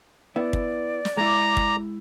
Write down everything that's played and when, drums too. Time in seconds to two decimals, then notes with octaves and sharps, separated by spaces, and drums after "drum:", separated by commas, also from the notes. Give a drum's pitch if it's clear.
0.36 B3 E4 D5
0.53 drum: kick
1.05 drum: snare
1.17 G#3 E4 A#5 D6
1.57 drum: kick